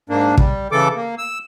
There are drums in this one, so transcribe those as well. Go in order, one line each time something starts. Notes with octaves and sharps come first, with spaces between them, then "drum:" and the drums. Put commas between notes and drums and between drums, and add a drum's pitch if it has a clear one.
G#2 A#3 D4
G3, drum: kick
C#3 E3 A4 D6
A#3
E6